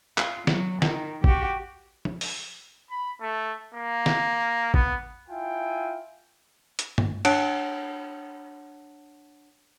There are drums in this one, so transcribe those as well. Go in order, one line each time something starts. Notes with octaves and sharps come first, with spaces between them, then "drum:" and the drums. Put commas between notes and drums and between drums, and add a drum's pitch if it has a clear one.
F4, drum: clap
F#3, drum: snare
D#3, drum: snare
F#4 G4, drum: kick A1
drum: tom F3
drum: open hi-hat
B5
A3
A#3
drum: snare
B3, drum: kick A1
E4 F4 G5 G#5
drum: hi-hat
drum: tom G2
D4 C#5 F#5 A5 F#6 D7, drum: cymbal